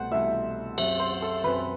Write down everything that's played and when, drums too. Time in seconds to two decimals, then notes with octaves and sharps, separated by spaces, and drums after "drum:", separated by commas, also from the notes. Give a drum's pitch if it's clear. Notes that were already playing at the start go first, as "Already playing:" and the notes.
Already playing: C2 B2 A3 C5 F#5
0.12 C2 B2 A3 E4 E5
0.78 F#2 F#3 C4 E5, drum: cymbal
0.99 C5
1.22 A4
1.43 F#2 F#3 C4 B4